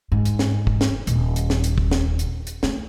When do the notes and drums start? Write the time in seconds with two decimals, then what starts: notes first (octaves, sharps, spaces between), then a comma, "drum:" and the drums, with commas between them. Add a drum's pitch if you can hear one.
0.12 G#2
0.25 drum: hi-hat
0.39 drum: snare
0.67 drum: kick
0.81 drum: snare
1.07 D#1, drum: hi-hat
1.36 drum: hi-hat
1.50 drum: snare
1.64 drum: hi-hat
1.78 drum: kick
1.91 drum: snare
2.19 drum: hi-hat
2.47 drum: hi-hat
2.63 A3, drum: snare